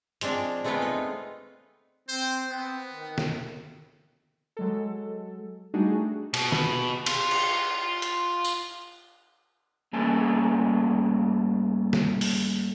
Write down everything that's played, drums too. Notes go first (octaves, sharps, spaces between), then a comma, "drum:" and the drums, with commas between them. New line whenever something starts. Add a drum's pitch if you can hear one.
F3 G#3 C4 D4, drum: hi-hat
G#3 A3 B3 C4 F4 B4
D#4
C4 C5
B3 C4
D#3
drum: snare
F#3 G#3 A4
G3 A3 D4 D#4 F#4 G#4
B2, drum: cymbal
drum: snare
F4, drum: cymbal
drum: cymbal
drum: hi-hat
drum: tambourine
G2 A3 A#3 C#4 G#4 G#5
drum: snare
drum: open hi-hat